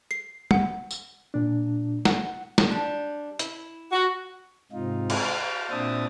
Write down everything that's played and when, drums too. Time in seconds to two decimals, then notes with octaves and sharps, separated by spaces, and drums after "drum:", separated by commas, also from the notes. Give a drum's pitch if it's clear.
0.11 C7
0.51 F#5, drum: tom
0.91 drum: tambourine
1.34 A#2 D4
2.05 F#5, drum: snare
2.58 drum: snare
2.70 G3 D4
3.39 E4, drum: hi-hat
3.92 F#4
4.72 G#2 C3 D#4 F4
5.10 drum: cymbal
5.20 F5 A5
5.71 A#2 C4 D4 E5 A5 D#6